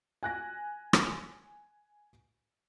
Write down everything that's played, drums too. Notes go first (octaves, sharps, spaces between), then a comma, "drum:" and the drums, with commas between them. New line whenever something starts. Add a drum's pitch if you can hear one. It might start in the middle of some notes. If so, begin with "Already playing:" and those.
G#5 F#6 A#6
drum: rim click